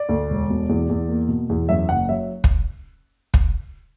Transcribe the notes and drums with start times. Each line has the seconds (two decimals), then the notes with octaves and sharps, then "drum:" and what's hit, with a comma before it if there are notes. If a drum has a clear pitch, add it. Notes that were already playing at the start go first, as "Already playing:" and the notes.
Already playing: D5
0.09 D2
0.30 E1
0.50 B2
0.69 E2
0.89 E2
1.09 A#3
1.29 B2
1.50 E2
1.69 F#2 E5
1.89 F#1 F#5
2.09 F#3 E5
2.44 drum: kick
3.34 drum: kick